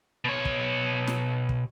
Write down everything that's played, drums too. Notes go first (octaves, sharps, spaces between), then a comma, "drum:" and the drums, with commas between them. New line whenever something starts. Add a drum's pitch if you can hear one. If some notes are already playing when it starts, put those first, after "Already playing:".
B2 C#5
drum: kick
drum: snare
drum: kick